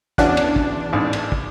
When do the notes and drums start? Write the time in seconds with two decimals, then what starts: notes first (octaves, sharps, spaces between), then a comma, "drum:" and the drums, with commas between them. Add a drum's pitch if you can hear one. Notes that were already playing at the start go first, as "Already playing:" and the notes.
0.18 E2 C#4 D4 F#4 F#6, drum: kick
0.37 drum: cymbal
0.56 drum: kick
0.93 A1 G#2
1.13 drum: cymbal
1.32 drum: kick